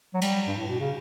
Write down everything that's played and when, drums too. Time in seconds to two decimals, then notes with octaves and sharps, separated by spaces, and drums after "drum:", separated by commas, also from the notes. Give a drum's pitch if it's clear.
0.14 F#3
0.21 G3, drum: cymbal
0.47 G2
0.57 A2
0.68 B2
0.80 C#3